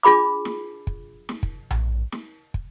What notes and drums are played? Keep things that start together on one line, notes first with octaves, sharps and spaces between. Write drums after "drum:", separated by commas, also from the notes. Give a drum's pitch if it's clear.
D4 F4 G#4 B5 D6
drum: snare
drum: kick
drum: snare
drum: kick
drum: tom A#1
drum: snare
drum: kick